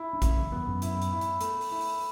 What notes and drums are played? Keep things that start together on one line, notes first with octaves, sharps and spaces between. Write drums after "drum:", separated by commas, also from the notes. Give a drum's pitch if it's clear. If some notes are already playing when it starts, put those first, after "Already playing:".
Already playing: E4
D4
A3 C#4 E4, drum: kick A1, hi-hat
C#3 E3
E2 G2 B3
F#2 A2
E4, drum: hi-hat
drum: hi-hat
E4
drum: hi-hat
A3, drum: hi-hat
drum: open hi-hat
E4
drum: open hi-hat